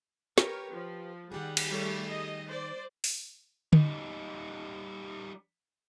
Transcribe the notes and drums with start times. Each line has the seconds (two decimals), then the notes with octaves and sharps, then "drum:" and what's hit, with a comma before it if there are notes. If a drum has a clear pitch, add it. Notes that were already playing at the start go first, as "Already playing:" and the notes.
0.38 G4 A#4 B4 C#5, drum: snare
0.72 F3
1.32 D#3 G3 G4 G#4 F#5
1.57 drum: cymbal
1.69 G3 A3 C#5
2.09 D#5
2.49 C5 D5
3.04 drum: open hi-hat
3.73 G3 D#4, drum: tom D3